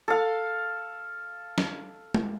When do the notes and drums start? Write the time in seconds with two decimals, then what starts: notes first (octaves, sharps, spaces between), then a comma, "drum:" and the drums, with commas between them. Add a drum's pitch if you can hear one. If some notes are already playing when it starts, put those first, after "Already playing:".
0.08 A4 F5
1.58 drum: snare
2.14 drum: tom